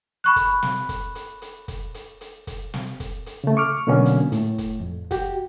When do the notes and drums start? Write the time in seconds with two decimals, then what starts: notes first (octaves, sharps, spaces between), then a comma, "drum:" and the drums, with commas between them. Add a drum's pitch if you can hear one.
0.24 B5 C#6 F#6
0.36 drum: kick, hi-hat
0.63 drum: snare
0.89 drum: kick, hi-hat
1.15 drum: hi-hat
1.42 drum: hi-hat
1.68 drum: kick, hi-hat
1.94 drum: hi-hat
2.21 drum: hi-hat
2.47 drum: kick, hi-hat
2.74 drum: snare
3.00 drum: kick, hi-hat
3.26 drum: hi-hat
3.44 C#3 A3
3.57 C#6 D6 F6
3.87 B2 D3 F#3 A#3 B3 C#4
4.06 drum: hi-hat
4.32 A2 A3, drum: hi-hat
4.58 drum: kick, hi-hat
4.80 F2
5.11 F#4 G4, drum: kick, hi-hat